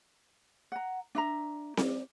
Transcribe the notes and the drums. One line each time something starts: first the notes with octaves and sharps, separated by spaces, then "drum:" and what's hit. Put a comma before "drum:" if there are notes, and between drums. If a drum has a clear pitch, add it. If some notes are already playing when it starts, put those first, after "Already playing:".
F#5 A#5
D4 E5 A#5
D5, drum: snare C4